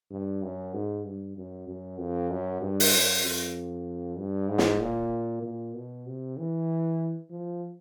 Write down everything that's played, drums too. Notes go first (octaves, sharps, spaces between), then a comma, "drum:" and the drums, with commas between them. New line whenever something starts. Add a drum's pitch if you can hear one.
G2
F#2
G#2
G2
F#2
F#2
F2
F#2
G2
drum: open hi-hat
F#2
F2
G2
G#2
drum: snare
A#2
A#2
B2
C3
E3
F3